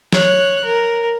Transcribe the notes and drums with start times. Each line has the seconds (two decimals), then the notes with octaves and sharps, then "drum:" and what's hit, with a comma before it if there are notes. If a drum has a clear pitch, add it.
0.13 C#5 F#6, drum: snare
0.64 A#4